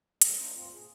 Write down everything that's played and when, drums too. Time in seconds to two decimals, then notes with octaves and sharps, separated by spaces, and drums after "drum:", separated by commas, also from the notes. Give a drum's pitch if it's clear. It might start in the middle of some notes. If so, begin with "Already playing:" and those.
0.22 D#3 F#3 G3 A3, drum: hi-hat
0.37 A#3 D4 D#4 C5
0.53 D2 G2 C4 F4
0.73 A#2 G#4